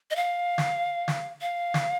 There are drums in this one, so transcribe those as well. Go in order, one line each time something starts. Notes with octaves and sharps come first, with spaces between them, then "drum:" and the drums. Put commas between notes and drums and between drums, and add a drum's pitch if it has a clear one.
D#5
F5
drum: snare
drum: snare
F5
drum: snare